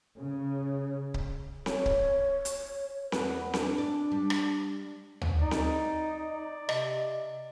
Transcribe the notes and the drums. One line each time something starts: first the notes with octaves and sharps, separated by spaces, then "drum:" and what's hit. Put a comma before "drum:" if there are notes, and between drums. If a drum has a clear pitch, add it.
C#3
drum: kick C#1
C#5, drum: snare C4
drum: kick C#1
drum: hi-hat
E2 A#3 B3 B4, drum: snare C4
D4, drum: snare C4
D5
G3
drum: rim click
drum: tom
D#4 D5
drum: snare C4
C3 D#5, drum: rim click